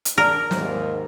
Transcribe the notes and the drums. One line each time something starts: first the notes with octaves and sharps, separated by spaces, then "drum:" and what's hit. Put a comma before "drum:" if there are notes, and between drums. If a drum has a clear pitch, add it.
drum: hi-hat
D4 A#4
D#2 G#2, drum: snare